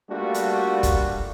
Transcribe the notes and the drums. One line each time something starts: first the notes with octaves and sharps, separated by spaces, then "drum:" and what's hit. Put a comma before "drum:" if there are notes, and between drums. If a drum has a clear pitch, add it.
G3 A3 A#3 D4 F4 F#4
drum: hi-hat
drum: kick, hi-hat